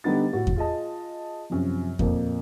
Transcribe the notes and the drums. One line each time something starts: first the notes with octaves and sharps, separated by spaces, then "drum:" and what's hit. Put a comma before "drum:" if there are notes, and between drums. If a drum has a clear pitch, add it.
D3 G3 B3 D#4 A6
A2 F#4
drum: kick E2
F4 G#4 D#5 A5
F#2 C3 F3
F2 A#2 A#3, drum: kick E2